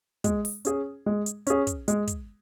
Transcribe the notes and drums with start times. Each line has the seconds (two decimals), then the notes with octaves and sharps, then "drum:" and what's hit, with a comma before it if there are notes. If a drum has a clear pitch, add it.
0.24 G#3, drum: kick, hi-hat
0.45 drum: open hi-hat
0.65 C#4 G#4, drum: hi-hat
1.06 G#3
1.26 drum: hi-hat
1.47 C#4 G#4, drum: hi-hat
1.67 drum: kick, hi-hat
1.88 G#3, drum: hi-hat
2.07 drum: kick, hi-hat